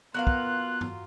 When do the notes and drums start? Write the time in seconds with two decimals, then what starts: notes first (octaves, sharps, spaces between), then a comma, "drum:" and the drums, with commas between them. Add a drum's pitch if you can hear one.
0.14 F#3 A#3 B3 F4 F5 F#6
0.27 drum: kick
0.81 drum: tom G2